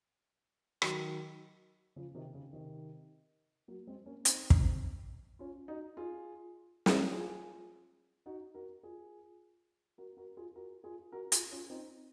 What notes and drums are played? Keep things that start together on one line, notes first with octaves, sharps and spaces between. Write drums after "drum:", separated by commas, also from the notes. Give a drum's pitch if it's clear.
D#3 F#3, drum: rim click
C#3 F3
C3 D#3
C#3
C3 D#3
F#3 A#3
G#3 C4
A#3 C#4
C4 D#4, drum: hi-hat
drum: kick
C#4 F4
D#4 F#4
F4 G#4
drum: snare
F4 G#4
D#4 F#4
F#4 A#4
F4 G#4
F#4 A#4
F#4 A#4
F4 G#4
F#4 A#4
F4 G#4
F#4 A#4
F4 G#4, drum: hi-hat
C#4 F4
C4 D#4